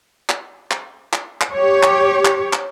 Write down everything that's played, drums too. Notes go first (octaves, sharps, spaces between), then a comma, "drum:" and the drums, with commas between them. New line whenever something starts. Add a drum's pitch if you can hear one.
drum: clap
drum: clap
drum: clap
drum: clap
G4 C#5
drum: clap
drum: clap
drum: clap